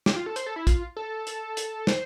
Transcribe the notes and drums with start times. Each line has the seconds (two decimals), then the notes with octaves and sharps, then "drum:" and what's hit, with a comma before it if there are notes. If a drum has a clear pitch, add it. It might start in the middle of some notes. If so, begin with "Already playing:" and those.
0.06 G4, drum: snare
0.16 F4
0.26 A4
0.36 C5, drum: hi-hat
0.46 A4
0.56 E4
0.67 F4, drum: kick, hi-hat
0.97 A4
1.27 drum: hi-hat
1.57 drum: hi-hat
1.87 C5, drum: snare